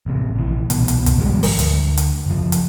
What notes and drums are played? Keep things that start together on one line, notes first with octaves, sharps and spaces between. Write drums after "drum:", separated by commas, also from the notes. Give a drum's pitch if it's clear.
A1 C3
A#1 E3
C2 B2 B3, drum: hi-hat
drum: hi-hat
drum: kick, hi-hat
G#1 F3 G3 G#3
drum: open hi-hat
D2, drum: hi-hat
drum: hi-hat
F#1 F3
drum: hi-hat